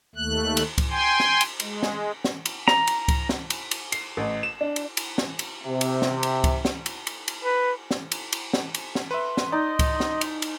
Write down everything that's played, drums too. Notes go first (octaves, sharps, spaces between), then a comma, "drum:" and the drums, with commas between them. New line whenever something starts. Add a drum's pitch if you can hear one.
D#2 A3 F#6
drum: cymbal
drum: kick C#2, cymbal
G5 G#5 C6
drum: snare
drum: cymbal
G#3, drum: cymbal
drum: snare
drum: snare
drum: cymbal
A#5, drum: snare
drum: cymbal
drum: kick C#2, cymbal
drum: snare
drum: cymbal
drum: cymbal
C7, drum: cymbal
A1
E7
D4
drum: cymbal
drum: cymbal
drum: snare
drum: cymbal
C3
drum: cymbal
drum: snare
drum: cymbal
drum: kick C#2, cymbal
drum: snare
drum: cymbal
drum: cymbal
drum: cymbal
B4
drum: snare
drum: cymbal
drum: cymbal
drum: snare
drum: cymbal
drum: snare
B4 E5 C6
drum: snare
D#4 D5 D#5
drum: kick C#2, cymbal
drum: snare
drum: cymbal
drum: cymbal